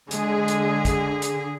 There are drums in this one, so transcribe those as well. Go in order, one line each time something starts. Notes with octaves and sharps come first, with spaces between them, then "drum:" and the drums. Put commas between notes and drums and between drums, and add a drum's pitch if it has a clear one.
D3 G#3 G#4, drum: hi-hat
drum: hi-hat
drum: kick A1, hi-hat
drum: hi-hat